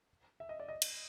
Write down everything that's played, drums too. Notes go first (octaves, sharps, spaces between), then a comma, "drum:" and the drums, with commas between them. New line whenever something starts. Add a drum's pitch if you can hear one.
E5
D#5
D5
D#5
drum: cymbal